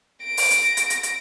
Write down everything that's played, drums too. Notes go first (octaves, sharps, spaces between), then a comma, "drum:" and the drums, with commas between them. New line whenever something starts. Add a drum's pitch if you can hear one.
A#6 D7
drum: open hi-hat
drum: hi-hat
drum: hi-hat
drum: hi-hat
drum: hi-hat